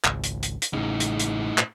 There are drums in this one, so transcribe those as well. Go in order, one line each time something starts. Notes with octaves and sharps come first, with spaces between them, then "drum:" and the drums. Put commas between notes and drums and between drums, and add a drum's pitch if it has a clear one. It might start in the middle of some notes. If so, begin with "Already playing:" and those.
G#1 C#2, drum: clap
drum: hi-hat
drum: hi-hat
drum: hi-hat
A1 A2 C#3 D#4
drum: hi-hat
drum: hi-hat
drum: clap